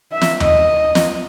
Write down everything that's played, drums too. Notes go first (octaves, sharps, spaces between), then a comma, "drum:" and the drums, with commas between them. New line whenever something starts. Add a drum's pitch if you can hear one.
E5
drum: snare
D#5, drum: tom D#2
drum: snare